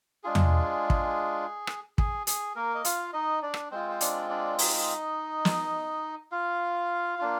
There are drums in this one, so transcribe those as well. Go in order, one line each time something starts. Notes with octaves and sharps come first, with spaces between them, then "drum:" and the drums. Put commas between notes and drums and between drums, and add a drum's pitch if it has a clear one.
G#3 D4 F4 G#4
drum: tom E2
drum: kick
drum: rim click
G#4, drum: kick
G#4, drum: hi-hat
A#3 A#4
D#5
F4 F5, drum: hi-hat
D#4 D#5
D4 D5
drum: rim click
G#3 C4 F4 C5
C5
D4 D5, drum: hi-hat
D4 D5
D#4 D#5, drum: open hi-hat
drum: snare
F4 F5
A#3 D4 F4